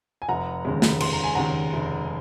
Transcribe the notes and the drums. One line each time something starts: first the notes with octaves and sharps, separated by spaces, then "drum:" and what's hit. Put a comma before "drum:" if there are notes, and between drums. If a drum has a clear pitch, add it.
G#5
F1 F#5 A#5
D#2 C#3 G#3
drum: snare
F1 C6, drum: cymbal
A#5
G#5
D#2 C#3 G#3 F#5 A#5
F1